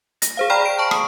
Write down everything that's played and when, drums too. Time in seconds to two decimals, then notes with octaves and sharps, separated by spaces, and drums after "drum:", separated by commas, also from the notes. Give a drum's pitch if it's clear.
0.22 A#6, drum: hi-hat
0.37 G#4 C5 F5
0.50 D5 G5 A#5 B5 F6
0.62 F6 D7
0.79 A5 C#6
0.91 D#6, drum: rim click